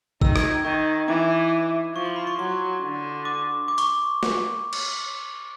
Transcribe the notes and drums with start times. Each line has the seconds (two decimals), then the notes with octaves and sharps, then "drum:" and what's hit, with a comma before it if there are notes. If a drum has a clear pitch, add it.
0.22 D#3 E6, drum: kick
0.36 G#6, drum: rim click
0.50 G6
0.65 D#3 C#6
1.08 E3 D6
1.95 F3 C#6
2.06 C6
2.16 B5
2.27 C#6
2.38 F#3 C6
2.82 D3
3.25 D6
3.68 D6
3.78 C#6, drum: hi-hat
4.23 drum: snare
4.73 drum: cymbal